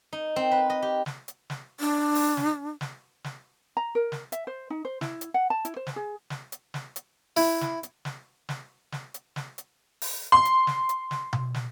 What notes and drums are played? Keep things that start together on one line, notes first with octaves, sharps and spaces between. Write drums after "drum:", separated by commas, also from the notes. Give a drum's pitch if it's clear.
D#4
C4
B4
D#5
G4
drum: snare
drum: hi-hat
drum: snare
D4
drum: open hi-hat
drum: snare
drum: snare
drum: snare
A#5
A#4
drum: snare
E5, drum: hi-hat
C5
D#4
C5
E4, drum: snare
drum: hi-hat
F#5
A5
E4, drum: hi-hat
C5
drum: snare
G#4
drum: snare
drum: hi-hat
drum: snare
drum: hi-hat
E4, drum: open hi-hat
drum: snare
drum: hi-hat
drum: snare
drum: snare
drum: snare
drum: hi-hat
drum: snare
drum: hi-hat
drum: open hi-hat
C6
drum: hi-hat
drum: snare
drum: hi-hat
drum: snare
drum: tom B2
drum: snare